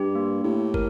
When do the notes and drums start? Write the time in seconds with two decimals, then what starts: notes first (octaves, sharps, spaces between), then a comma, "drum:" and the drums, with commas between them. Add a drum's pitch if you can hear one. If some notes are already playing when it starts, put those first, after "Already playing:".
Already playing: G2 G4
0.15 A#3
0.44 A2 G4
0.74 A#4, drum: kick